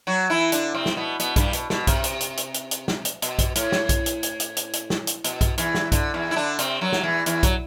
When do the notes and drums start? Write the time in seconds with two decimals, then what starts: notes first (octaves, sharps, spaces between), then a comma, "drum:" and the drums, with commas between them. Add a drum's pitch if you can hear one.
0.07 F#3 F#4
0.30 E3 E4
0.52 D3 D4, drum: hi-hat
0.74 C3 C4
0.86 drum: snare
0.97 B2 B3
1.20 B2 B3, drum: hi-hat
1.36 G2 G3, drum: kick B1, hi-hat
1.53 B2, drum: hi-hat
1.70 B2, drum: snare
1.87 C3, drum: kick B1, hi-hat
2.04 drum: hi-hat
2.21 drum: hi-hat
2.37 drum: hi-hat
2.54 drum: hi-hat
2.71 drum: hi-hat
2.88 drum: snare
3.05 drum: hi-hat
3.22 B2, drum: hi-hat
3.39 drum: kick B1, hi-hat
3.56 A2, drum: hi-hat
3.72 drum: snare
3.89 drum: kick B1, hi-hat
4.06 drum: hi-hat
4.23 drum: hi-hat
4.40 drum: hi-hat
4.57 drum: hi-hat
4.73 drum: hi-hat
4.90 drum: snare
5.07 drum: hi-hat
5.24 B2, drum: hi-hat
5.41 drum: kick B1, hi-hat
5.58 E2 E3, drum: hi-hat
5.75 drum: snare
5.92 D3, drum: kick B1, hi-hat
6.14 E2 E3
6.31 E4
6.36 D3 D4
6.59 C3 C4, drum: hi-hat
6.81 F#2 F#3
6.93 drum: snare
7.03 E2 E3
7.26 E2 E3, drum: hi-hat
7.43 F#3, drum: kick B1, hi-hat